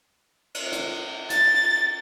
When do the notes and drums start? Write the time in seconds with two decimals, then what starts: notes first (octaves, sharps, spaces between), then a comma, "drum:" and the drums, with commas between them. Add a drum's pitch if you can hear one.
0.54 drum: cymbal
0.72 drum: hi-hat
1.30 A6, drum: hi-hat